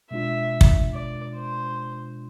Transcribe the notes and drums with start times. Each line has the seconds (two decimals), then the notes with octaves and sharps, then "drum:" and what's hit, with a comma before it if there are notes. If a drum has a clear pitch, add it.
0.11 B2 G#3 D4 F4 E5
0.61 drum: kick
0.94 D5
1.36 C5